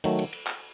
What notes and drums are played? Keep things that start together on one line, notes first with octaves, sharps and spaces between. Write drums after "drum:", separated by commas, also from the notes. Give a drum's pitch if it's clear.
D#3 F#3 A3, drum: cymbal
drum: cymbal
drum: cymbal
drum: clap